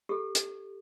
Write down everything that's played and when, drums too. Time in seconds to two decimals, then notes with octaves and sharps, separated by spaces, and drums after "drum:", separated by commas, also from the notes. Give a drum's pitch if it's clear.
0.09 G4 A4
0.35 drum: hi-hat